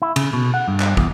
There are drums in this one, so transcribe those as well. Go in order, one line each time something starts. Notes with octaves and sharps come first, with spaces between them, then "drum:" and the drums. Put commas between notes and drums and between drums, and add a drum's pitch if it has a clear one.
E4
C#3, drum: cymbal
B2
F#5
G2
drum: clap
E2, drum: kick